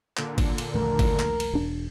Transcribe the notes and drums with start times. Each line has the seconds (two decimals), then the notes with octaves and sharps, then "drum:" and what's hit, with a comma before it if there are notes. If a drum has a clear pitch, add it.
0.17 A#2 D3, drum: clap
0.38 drum: kick G#1, cymbal
0.58 drum: cymbal
0.75 D#1 A#1 A3 A#4
0.99 drum: kick G#1, cymbal
1.20 drum: clap
1.40 drum: cymbal
1.53 E1 D4